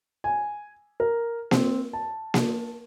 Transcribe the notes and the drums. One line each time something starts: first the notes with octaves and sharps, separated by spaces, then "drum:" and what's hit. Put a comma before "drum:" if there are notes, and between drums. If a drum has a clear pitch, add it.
G#5
A#4
C4, drum: snare A#3
A5
drum: snare A#3